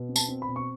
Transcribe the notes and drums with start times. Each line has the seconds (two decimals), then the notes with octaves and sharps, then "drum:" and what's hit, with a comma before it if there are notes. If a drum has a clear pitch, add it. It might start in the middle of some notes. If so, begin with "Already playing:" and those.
Already playing: B2
0.09 C4
0.16 A5, drum: tambourine
0.28 C4
0.42 B5
0.49 B2
0.56 C#6